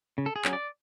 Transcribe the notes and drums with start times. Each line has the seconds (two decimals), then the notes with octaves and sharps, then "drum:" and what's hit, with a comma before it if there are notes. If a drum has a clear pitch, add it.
0.18 C#3
0.26 A4
0.36 G#4
0.45 F#3 C#4, drum: clap
0.53 D5